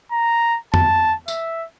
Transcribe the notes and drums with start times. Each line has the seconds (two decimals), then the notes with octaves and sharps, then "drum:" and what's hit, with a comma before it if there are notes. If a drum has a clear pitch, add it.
0.12 A#5
0.74 A5, drum: tom F2
1.28 E5, drum: tambourine